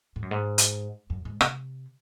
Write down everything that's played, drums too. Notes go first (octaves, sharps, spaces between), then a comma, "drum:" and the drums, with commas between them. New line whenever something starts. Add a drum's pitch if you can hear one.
G#2
F#2
G#2
drum: hi-hat
F#2
G#2
C3, drum: rim click